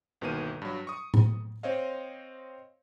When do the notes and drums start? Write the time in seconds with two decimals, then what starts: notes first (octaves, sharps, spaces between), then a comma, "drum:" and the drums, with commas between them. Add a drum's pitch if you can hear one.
0.21 G1 B2 D#3 A#3 D#7
0.62 G2 F#3
0.87 C#6 D#6
1.14 drum: tom A2
1.63 C4 C5 C#5 D#5 F5